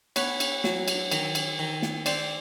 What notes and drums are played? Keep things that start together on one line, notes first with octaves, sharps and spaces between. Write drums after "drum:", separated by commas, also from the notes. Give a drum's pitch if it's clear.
B3 B4 C#5, drum: cymbal
drum: cymbal
F#3, drum: snare
drum: cymbal
D#3, drum: cymbal
drum: cymbal
D#3
drum: snare
C4 C5 D5, drum: cymbal